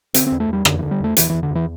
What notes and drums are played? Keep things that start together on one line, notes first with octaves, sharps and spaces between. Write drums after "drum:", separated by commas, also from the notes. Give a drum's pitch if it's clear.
D3 C4, drum: hi-hat
C4
E2
A3
E2 G3
E2 D3, drum: rim click
E3
D3
G3
E2 A3
E2 E3, drum: hi-hat
E3
E2
D3
E2 E3